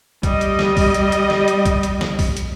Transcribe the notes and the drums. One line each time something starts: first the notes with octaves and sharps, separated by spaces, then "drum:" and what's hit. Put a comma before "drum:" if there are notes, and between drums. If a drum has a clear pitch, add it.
G3 D#5, drum: kick B1, hi-hat
drum: hi-hat
drum: snare
drum: kick B1, open hi-hat
drum: hi-hat
drum: hi-hat
drum: snare
drum: hi-hat
drum: kick B1, hi-hat
drum: hi-hat
drum: snare
drum: kick B1, open hi-hat
drum: hi-hat